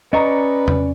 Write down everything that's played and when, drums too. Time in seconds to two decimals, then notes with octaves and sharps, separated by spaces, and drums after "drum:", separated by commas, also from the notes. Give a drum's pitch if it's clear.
0.13 C#4 B4 D5 D#5 A#5 C#6
0.68 drum: tom E2